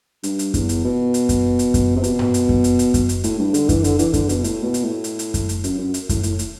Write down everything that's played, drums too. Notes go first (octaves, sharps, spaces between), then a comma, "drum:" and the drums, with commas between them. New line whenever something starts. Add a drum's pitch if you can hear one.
G2, drum: hi-hat
drum: hi-hat
E2, drum: kick F#2, hi-hat
drum: hi-hat
B2
drum: hi-hat
drum: kick F#2, hi-hat
drum: hi-hat
drum: kick F#2, hi-hat
C3
B2, drum: hi-hat
drum: tom G2
drum: hi-hat
drum: kick F#2
drum: hi-hat
drum: hi-hat
drum: kick F#2, hi-hat
drum: hi-hat
A2, drum: hi-hat
G2
D3, drum: hi-hat
E3, drum: kick F#2, hi-hat
D3, drum: hi-hat
E3, drum: hi-hat
D3, drum: kick F#2, hi-hat
B2, drum: hi-hat
A2, drum: hi-hat
B2
drum: hi-hat
A2
drum: hi-hat
drum: hi-hat
drum: kick F#2, hi-hat
drum: hi-hat
F#2, drum: hi-hat
F#2
drum: hi-hat
A2, drum: kick F#2, hi-hat
A2, drum: hi-hat
drum: hi-hat